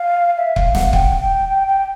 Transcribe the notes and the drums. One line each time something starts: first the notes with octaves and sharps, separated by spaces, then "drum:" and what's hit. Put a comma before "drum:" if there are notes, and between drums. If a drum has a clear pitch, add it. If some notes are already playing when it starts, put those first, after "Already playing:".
Already playing: F5
E5
F5, drum: kick C#1
F#5, drum: snare
G5, drum: kick C#1
G5
G5
G5